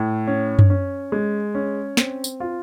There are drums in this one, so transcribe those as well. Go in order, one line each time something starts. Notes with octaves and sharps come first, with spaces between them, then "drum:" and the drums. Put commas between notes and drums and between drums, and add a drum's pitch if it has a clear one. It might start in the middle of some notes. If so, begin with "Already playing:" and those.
Already playing: A2
C#4
drum: tom F#2
C#4
G#3
C#4
C4, drum: snare
drum: tambourine
F4